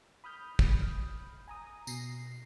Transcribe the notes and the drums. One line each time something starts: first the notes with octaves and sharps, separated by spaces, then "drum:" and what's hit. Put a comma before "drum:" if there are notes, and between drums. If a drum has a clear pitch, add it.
B5 D#6 F6 G6
drum: kick
G#5 A#5 D#6
B2 A#6 C7, drum: tambourine